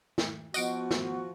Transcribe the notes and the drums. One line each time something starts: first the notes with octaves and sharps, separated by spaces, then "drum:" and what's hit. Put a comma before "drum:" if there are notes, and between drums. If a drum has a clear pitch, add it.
drum: snare
F3 B3 F#4 D#5 F#5 D7, drum: tambourine
drum: snare